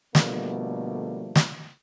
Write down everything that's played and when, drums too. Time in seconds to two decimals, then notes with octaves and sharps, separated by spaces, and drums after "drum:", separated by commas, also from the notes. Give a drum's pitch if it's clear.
0.15 B2 D3 F3 G3 A3 A#3, drum: snare
1.35 drum: snare